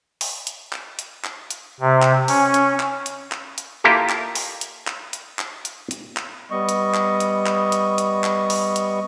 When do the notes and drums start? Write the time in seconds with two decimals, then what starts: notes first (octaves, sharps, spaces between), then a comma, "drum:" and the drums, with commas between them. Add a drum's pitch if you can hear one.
0.21 drum: open hi-hat
0.47 drum: hi-hat
0.73 drum: clap
0.99 drum: hi-hat
1.25 drum: clap
1.50 drum: hi-hat
1.80 C3
2.02 drum: clap
2.28 C#4, drum: open hi-hat
2.54 drum: hi-hat
2.80 drum: clap
3.06 drum: hi-hat
3.32 drum: clap
3.58 drum: hi-hat
3.84 A#3 E4 F4 G4 A4 A#4
4.10 drum: clap
4.35 drum: open hi-hat
4.61 drum: hi-hat
4.87 drum: clap
5.13 drum: hi-hat
5.39 drum: clap
5.65 drum: hi-hat
5.91 drum: hi-hat
6.17 drum: clap
6.51 G3 B3 D#5 C#6
6.69 drum: hi-hat
6.94 drum: clap
7.20 drum: hi-hat
7.46 drum: clap
7.72 drum: hi-hat
7.98 drum: hi-hat
8.24 drum: clap
8.50 drum: open hi-hat
8.76 drum: hi-hat